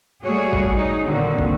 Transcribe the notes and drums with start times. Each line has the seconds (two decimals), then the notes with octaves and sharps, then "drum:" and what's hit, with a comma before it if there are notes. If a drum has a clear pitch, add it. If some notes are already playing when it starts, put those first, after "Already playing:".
0.24 G3 A3 F#4 G#4 C#5
0.53 drum: kick
0.75 D#4
1.05 A#2 D3 D#3 A#3 C4 F#4
1.39 drum: kick